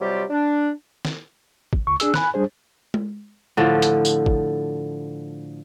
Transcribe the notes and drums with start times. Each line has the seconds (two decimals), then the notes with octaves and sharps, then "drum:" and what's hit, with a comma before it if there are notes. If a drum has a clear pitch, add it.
0.01 C3 F#3 G3 F4 G4
0.29 D4
1.05 drum: snare
1.73 drum: kick
1.87 C#2 C#6
2.00 D4 G#4 E6, drum: hi-hat
2.14 G#5 B5 F#6, drum: snare
2.34 G3 D4 G#4 C5
2.94 drum: tom G#3
3.57 A2 D3 F3
3.82 drum: hi-hat
4.05 drum: tambourine
4.26 drum: kick